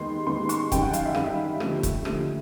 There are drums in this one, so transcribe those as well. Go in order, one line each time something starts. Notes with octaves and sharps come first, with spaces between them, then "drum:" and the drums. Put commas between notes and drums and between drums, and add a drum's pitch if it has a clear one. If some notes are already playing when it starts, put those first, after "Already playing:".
Already playing: D#2 D#3 G#3 B3 C6
D#2 D#3 G#3 B3 C6
C#6, drum: hi-hat
F#2 D#3 G3 G5, drum: kick, hi-hat
F#5
F5, drum: hi-hat
E5
F#2 D#3 G3 F5, drum: rim click
E5
D#2 D3 F3 A3, drum: rim click
drum: kick, hi-hat
D#2 D3 F3 A3 E5, drum: rim click